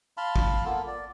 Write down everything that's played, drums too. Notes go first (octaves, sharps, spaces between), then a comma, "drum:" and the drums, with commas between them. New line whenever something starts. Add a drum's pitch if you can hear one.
F5 A5 B5 C6
drum: kick
A#3 B3 F4 A4
D5